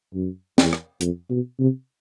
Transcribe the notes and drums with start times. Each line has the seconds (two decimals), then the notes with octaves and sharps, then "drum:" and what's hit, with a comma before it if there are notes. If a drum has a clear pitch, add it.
0.14 F#2
0.58 E2, drum: snare
0.73 drum: rim click
1.01 F2, drum: hi-hat
1.30 B2
1.60 C3